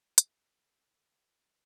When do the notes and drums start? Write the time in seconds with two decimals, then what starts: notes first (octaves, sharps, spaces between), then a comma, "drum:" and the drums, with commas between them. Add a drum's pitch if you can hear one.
0.18 A#3 F#4 A4 A#4 E5 F5, drum: hi-hat